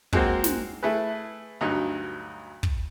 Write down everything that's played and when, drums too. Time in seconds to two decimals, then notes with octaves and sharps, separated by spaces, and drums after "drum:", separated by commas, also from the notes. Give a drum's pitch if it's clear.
0.13 F#3 G#3 A#3 C4 F#4, drum: kick
0.44 drum: snare
0.83 A3 E4 G#4 B4
1.61 D2 G2 F#3 D#4
2.63 drum: kick